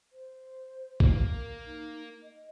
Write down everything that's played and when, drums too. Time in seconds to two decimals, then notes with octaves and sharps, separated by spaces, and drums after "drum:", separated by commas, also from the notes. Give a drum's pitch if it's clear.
0.12 C5
1.00 A#3, drum: kick B1
1.24 A#4
1.65 D#4
2.23 D#5